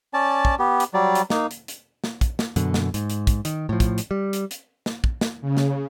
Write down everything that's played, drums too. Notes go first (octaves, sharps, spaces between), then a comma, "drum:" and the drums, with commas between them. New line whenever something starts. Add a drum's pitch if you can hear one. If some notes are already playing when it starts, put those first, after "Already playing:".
C#4 D5 A5
drum: kick
B3 G4
drum: hi-hat
F#3 G3 D5
drum: hi-hat
A#3 D#4, drum: snare
drum: hi-hat
drum: hi-hat
drum: snare
drum: kick, hi-hat
drum: snare
F#2 B2 D3, drum: hi-hat
drum: snare
G#2, drum: hi-hat
drum: hi-hat
drum: kick, hi-hat
D#3, drum: hi-hat
A2 F3
drum: kick, hi-hat
drum: hi-hat
G3
drum: hi-hat
drum: hi-hat
drum: snare
drum: kick
drum: snare
C#3
drum: snare